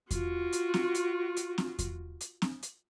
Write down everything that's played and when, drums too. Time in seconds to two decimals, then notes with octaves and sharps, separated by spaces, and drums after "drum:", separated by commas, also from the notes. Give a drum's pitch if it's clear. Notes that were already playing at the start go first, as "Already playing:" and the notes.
0.11 F4 F#4, drum: kick E2, hi-hat
0.53 drum: hi-hat
0.74 drum: snare
0.95 drum: hi-hat
1.37 drum: hi-hat
1.58 drum: snare
1.79 drum: kick E2, hi-hat
2.21 drum: hi-hat
2.42 drum: snare
2.63 drum: hi-hat